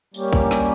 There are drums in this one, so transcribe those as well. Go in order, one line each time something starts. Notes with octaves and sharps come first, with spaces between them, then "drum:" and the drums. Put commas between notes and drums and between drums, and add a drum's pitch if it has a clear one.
G3 A#3 C#4 G4, drum: tambourine
drum: kick
drum: snare